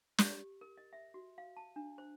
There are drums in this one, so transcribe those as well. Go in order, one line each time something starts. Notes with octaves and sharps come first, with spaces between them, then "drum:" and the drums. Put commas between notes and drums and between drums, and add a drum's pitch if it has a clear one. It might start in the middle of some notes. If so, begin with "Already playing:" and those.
G4, drum: snare
A#4
D#5
E5
F#4
F5
A5
D4
C5